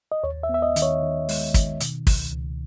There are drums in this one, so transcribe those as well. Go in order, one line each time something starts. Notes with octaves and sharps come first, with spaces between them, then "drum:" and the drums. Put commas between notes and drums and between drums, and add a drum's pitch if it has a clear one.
D#5
D#2 C#5
E5
B3
E5
D#5
D#3, drum: hi-hat
C#5
D#3
G#3, drum: open hi-hat
D#3, drum: kick, hi-hat
B2, drum: hi-hat
C#2, drum: kick, open hi-hat
C#2